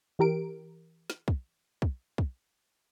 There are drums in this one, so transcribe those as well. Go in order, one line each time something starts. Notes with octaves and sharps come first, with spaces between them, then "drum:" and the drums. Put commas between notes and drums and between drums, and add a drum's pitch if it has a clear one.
E3 G4 A#4 D7
drum: snare
drum: kick
drum: kick
drum: kick